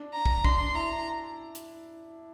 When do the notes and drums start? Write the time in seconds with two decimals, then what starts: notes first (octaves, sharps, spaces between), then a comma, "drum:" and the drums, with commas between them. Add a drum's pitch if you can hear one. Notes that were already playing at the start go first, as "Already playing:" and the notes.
Already playing: D4
0.14 A#5
0.26 drum: kick
0.44 D4 C6, drum: kick
0.74 E4 A#5
1.55 drum: hi-hat